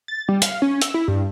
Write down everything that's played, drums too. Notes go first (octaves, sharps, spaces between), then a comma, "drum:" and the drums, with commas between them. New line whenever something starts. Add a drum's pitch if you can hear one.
A6
G3
F5, drum: hi-hat
C#4
E6, drum: hi-hat
E4
G2